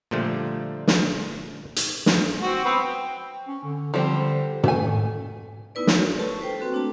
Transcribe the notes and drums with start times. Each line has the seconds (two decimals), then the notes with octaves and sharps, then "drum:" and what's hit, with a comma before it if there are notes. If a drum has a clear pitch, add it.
0.11 A#2 D3 F3 G3 A3
0.87 drum: snare
1.76 drum: hi-hat
2.06 drum: snare
2.41 C4 F#4
2.65 B3 C4
2.82 G5
3.48 C#4
3.64 D3
3.94 D3 F3 G3 C4
4.64 D#3 A3 G#5, drum: tom
5.75 A3 B3 D#4 E4 B4 D5
5.87 F#4 A#4 B4 C#5, drum: snare
6.17 F4 G4 A4 A5 C#6
6.41 B4 C5 G5
6.59 A#3 C4 F#4 A4
6.72 A3 D4 A5